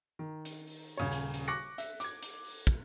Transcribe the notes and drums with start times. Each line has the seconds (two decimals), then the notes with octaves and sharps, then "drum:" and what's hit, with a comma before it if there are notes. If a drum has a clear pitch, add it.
0.19 D#3
0.45 drum: hi-hat
0.67 drum: open hi-hat
0.98 D#1 C#3 C#5
1.12 drum: hi-hat
1.34 drum: hi-hat
1.48 C#6 D6 F#6 A#6 C#7
1.78 E5, drum: hi-hat
2.00 D6 G#6, drum: hi-hat
2.23 drum: hi-hat
2.45 drum: open hi-hat
2.67 drum: kick, hi-hat